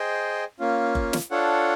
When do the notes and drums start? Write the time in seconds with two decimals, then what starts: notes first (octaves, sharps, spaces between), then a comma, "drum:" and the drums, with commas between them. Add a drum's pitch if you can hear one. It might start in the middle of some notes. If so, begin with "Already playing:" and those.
Already playing: G#4 C5 D#5 G5
0.59 A#3 C#4 F4
0.95 drum: kick F#1
1.13 drum: snare
1.31 D4 F4 A4 C#5 F#5